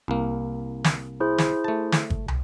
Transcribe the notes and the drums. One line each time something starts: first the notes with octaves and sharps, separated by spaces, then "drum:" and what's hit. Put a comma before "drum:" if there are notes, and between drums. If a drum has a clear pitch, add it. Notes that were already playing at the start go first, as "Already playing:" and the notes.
C2 A#3
drum: snare
E4 G#4 C5
drum: snare
A3 A5
drum: snare
drum: kick G1
drum: tom